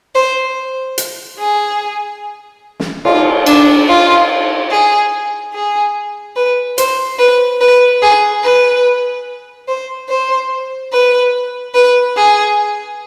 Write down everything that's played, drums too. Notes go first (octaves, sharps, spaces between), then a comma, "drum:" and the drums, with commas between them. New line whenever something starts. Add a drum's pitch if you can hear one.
C5
drum: hi-hat
G#4
drum: snare
F4, drum: cymbal
D4, drum: cymbal
F4
G#4
G#4
B4
C5, drum: hi-hat
B4
B4
G#4
B4
C5
C5
B4
B4
G#4